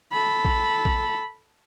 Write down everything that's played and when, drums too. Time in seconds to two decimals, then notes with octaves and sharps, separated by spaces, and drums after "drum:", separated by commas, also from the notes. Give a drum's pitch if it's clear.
0.12 A4 B5
0.45 drum: kick A#1
0.85 drum: kick A#1